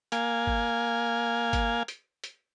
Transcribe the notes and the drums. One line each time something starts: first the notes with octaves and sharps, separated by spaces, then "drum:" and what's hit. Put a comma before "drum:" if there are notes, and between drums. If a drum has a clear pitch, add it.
A#3 F5 G#5, drum: hi-hat
drum: kick G1
drum: kick G1, hi-hat
drum: hi-hat
drum: hi-hat